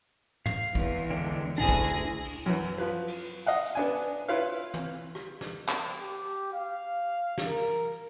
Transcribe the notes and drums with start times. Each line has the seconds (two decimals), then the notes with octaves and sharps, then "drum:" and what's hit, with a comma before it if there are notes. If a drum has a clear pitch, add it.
0.46 F5, drum: tom
0.75 E2, drum: kick
1.10 D3 G#3 G5
1.58 D2 D4 E4 G#4 A#6
1.69 drum: kick
2.24 drum: cymbal
2.46 F#2 E3
2.78 F3 B4
3.08 drum: cymbal
3.46 D#5 F5 F#5
3.66 drum: hi-hat
3.75 B3 D4 G#5
4.28 E4 F4 B4 C#5 F5
4.74 drum: tom
5.15 drum: rim click
5.41 drum: snare
5.69 drum: clap
6.00 G4
6.53 F5
7.38 drum: snare
7.47 A#4